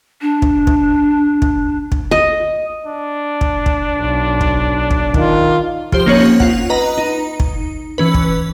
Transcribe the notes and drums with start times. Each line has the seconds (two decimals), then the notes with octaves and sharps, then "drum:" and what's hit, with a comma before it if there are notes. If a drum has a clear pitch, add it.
0.22 D4
0.42 drum: kick
0.67 drum: kick
1.42 drum: kick
1.92 drum: kick
2.11 D#5
2.86 D4
3.41 drum: kick
3.66 drum: kick
3.98 B1
4.41 drum: kick
4.91 drum: kick
5.14 D#3 F4, drum: kick
5.92 F3 G4 C5, drum: kick
6.06 A#3 C4 C#4 D#4 C#5 F#7
6.40 F4 F#5, drum: kick
6.70 B4 D#5 A#5
6.98 D#4
7.40 drum: kick
7.98 E3 C#4 B4
8.14 drum: kick